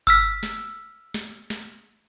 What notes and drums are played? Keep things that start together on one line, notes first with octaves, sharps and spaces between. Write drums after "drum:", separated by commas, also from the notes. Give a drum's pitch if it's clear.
E6 F6 B6, drum: kick G1
drum: snare
drum: snare
drum: snare